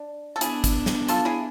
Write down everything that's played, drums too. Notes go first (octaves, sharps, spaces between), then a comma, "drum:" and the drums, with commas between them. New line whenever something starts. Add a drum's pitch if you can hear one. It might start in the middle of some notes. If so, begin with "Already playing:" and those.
Already playing: D4
A4
B3 D4 E4 G#4, drum: hi-hat
drum: kick, hi-hat
drum: snare
F4 A4, drum: hi-hat
E4 G#4